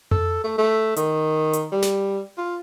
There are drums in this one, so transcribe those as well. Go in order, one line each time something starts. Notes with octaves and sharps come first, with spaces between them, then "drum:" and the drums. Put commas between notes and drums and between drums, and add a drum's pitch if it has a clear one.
A4, drum: tom F2
A3
A3
D#3, drum: hi-hat
drum: hi-hat
G3
drum: snare
F4